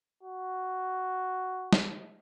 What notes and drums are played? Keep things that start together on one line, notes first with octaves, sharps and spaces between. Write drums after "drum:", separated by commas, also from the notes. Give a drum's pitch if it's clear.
F#4
drum: snare